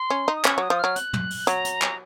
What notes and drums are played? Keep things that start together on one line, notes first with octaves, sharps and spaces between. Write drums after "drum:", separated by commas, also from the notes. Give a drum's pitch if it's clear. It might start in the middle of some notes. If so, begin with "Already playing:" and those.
Already playing: C6
C#4
D#4
D#6
C#4 C#6, drum: clap
F#3 D#6
F3
F#3 F6
F#6, drum: hi-hat
drum: tom
drum: open hi-hat
F#3 A#5, drum: hi-hat
drum: hi-hat
drum: clap